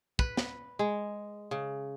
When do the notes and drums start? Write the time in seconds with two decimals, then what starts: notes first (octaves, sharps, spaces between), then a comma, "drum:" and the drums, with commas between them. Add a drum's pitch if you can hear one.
0.19 B4, drum: kick
0.37 drum: snare
0.79 G#3
1.51 C#3